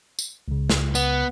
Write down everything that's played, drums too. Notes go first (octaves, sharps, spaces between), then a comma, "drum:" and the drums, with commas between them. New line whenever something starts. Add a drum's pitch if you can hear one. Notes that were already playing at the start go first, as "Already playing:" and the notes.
drum: tambourine
C#2 C#3
drum: snare
B3, drum: tambourine